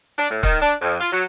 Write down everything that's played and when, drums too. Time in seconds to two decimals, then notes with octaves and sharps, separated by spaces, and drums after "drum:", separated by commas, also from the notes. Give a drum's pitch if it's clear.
0.18 D4
0.30 A2
0.43 D#3, drum: kick, hi-hat
0.61 D4
0.81 F2
1.00 F4
1.12 F#3